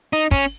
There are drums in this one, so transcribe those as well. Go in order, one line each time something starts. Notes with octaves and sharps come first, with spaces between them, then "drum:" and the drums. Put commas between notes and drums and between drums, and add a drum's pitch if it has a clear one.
D#4
C#4, drum: kick